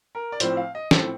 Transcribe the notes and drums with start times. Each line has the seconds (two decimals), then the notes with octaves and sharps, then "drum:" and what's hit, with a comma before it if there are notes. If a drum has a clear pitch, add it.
0.15 A#4
0.32 D5
0.40 A2 F3 C4 C5, drum: hi-hat
0.57 F5
0.75 D#5
0.91 A2 F3 C4 A4, drum: snare